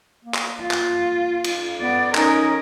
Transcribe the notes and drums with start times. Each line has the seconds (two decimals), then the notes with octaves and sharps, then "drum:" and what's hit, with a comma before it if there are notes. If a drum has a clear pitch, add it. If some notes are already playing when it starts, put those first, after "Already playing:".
0.25 A#3
0.34 drum: clap
0.62 F4
0.71 drum: clap
1.44 drum: cymbal
1.81 B3 D5
2.15 C#4 D#4 A#4, drum: clap